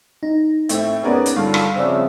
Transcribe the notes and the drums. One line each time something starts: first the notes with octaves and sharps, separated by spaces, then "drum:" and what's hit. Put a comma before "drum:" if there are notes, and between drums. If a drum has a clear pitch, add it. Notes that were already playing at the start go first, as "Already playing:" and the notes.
D#4
A2 A3 C4 E5, drum: hi-hat
F2 B3 C#4 G#4 A#4 D5
drum: hi-hat
G2 D3 F4 A4 F5
drum: rim click
C#3 F3 G3 C4 D5 E5 E6